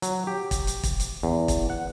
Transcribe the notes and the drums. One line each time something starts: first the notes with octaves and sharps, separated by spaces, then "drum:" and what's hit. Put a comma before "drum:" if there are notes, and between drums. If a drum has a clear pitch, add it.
F#3, drum: hi-hat
G4
drum: kick, hi-hat
drum: hi-hat
drum: kick, hi-hat
drum: hi-hat
E2
drum: kick, hi-hat
F#5